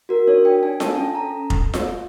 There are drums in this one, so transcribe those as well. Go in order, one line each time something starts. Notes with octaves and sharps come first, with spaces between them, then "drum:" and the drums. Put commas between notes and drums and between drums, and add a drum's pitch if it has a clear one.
F#4 A#4
D4 C#5
D4 G5
D4 G#5
A4 A5, drum: snare F4
C#4
A4 A#5
drum: kick F1
drum: snare F4